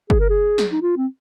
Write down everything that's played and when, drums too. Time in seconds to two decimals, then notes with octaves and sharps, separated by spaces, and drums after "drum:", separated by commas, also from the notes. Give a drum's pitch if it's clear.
0.10 G#4, drum: kick
0.20 A#4
0.30 G#4
0.58 drum: snare
0.72 D#4
0.82 F4
0.97 C4